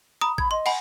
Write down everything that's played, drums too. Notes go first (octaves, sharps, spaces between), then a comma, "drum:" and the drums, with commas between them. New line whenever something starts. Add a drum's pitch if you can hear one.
A#5 B5 D#6
B5 G#6, drum: kick G#1
D#5 C6
F#5 G#5 B5, drum: cymbal